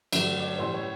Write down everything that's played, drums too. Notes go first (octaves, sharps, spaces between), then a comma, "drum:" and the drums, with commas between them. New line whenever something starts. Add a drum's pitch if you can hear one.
G2 D3 F#3 A3 E5, drum: cymbal
D5
C#5
A2 E3 G3 C5
C#5